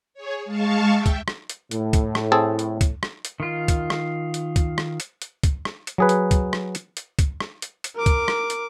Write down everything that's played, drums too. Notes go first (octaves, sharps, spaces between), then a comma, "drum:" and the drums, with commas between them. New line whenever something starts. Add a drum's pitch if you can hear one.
G#4 C#5
G#3 F5 A5 C#6
E5 G5
drum: kick, hi-hat
drum: rim click
drum: hi-hat
A2, drum: hi-hat
drum: kick, hi-hat
drum: rim click
C4 G#4 A4
drum: hi-hat
drum: kick, hi-hat
drum: rim click
drum: hi-hat
D#3 F4
drum: kick, hi-hat
drum: rim click
drum: hi-hat
drum: kick, hi-hat
drum: rim click
drum: hi-hat
drum: hi-hat
drum: kick, hi-hat
drum: rim click
drum: hi-hat
F#3 G#4 B4
drum: hi-hat
drum: kick, hi-hat
drum: rim click
drum: hi-hat
drum: hi-hat
drum: kick, hi-hat
drum: rim click
drum: hi-hat
drum: hi-hat
A#4 D6
drum: kick, hi-hat
drum: rim click
drum: hi-hat